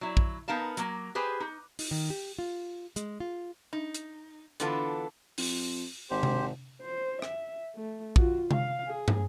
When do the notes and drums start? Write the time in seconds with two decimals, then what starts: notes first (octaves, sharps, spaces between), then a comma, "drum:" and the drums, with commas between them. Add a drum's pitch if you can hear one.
0.01 F#3 E4
0.17 drum: kick
0.48 B3 D#4 A#4 F5 A5
0.77 F#3 A#3, drum: hi-hat
1.15 G4 G#4 B4 C5
1.40 D#4
1.79 D#4, drum: open hi-hat
1.91 D#3
2.10 G4
2.39 F4
2.96 G#3, drum: hi-hat
3.20 F4
3.73 D#4
3.95 drum: hi-hat
4.60 D3 E3 B3 D4 F4 A4, drum: hi-hat
5.38 F2, drum: open hi-hat
6.11 G#1 G4 C5
6.23 drum: tom C3
6.82 C5
7.22 E5, drum: rim click
7.75 A3
8.16 F4 F#4, drum: kick
8.51 F5, drum: tom C3
8.87 G#4
9.08 drum: tom